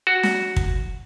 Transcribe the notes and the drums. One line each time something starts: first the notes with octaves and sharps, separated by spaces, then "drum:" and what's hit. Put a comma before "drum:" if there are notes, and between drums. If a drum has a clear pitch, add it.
F#4
drum: snare
drum: kick